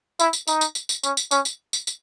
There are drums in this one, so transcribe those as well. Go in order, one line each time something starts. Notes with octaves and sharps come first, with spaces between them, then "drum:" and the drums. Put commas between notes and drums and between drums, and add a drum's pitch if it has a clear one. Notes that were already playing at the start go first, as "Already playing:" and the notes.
E4, drum: tambourine
drum: tambourine
D#4, drum: tambourine
drum: tambourine
drum: tambourine
drum: tambourine
C#4, drum: tambourine
drum: tambourine
C#4, drum: tambourine
drum: tambourine
drum: tambourine
drum: tambourine